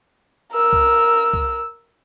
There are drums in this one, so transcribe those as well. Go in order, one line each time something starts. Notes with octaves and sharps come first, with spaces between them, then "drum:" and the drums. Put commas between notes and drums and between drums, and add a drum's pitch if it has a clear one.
A#4 E6
drum: kick
drum: kick